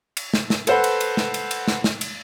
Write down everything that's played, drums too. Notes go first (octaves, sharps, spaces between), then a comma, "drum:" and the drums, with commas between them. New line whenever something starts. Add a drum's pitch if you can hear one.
drum: cymbal
drum: snare
drum: snare
A4 B4 C5 F#5, drum: cymbal
drum: cymbal
drum: cymbal
drum: snare
drum: cymbal
drum: cymbal
drum: snare
drum: snare
drum: cymbal